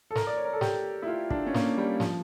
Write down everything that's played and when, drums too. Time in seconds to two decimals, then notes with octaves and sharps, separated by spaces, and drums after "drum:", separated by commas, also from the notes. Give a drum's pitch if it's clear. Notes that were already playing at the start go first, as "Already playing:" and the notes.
0.11 A4
0.15 A#4, drum: snare
0.27 D5
0.36 C#5
0.45 A#4
0.53 A4
0.61 G4, drum: snare
1.02 E4
1.08 F4
1.30 D4, drum: kick
1.47 C#4
1.54 A#3, drum: snare
1.78 G3
2.00 F3, drum: snare